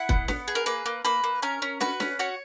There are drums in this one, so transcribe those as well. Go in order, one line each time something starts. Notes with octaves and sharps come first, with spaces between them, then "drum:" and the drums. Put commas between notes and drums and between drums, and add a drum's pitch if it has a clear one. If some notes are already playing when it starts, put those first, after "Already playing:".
Already playing: E4 F#5
B3, drum: kick
B3, drum: snare
G#4
A#4
A#3 B4
A#3
A#3 B4
A#3
C#4 A#4
C#4
F#4 B4, drum: snare
C#4, drum: snare
F#4 C#5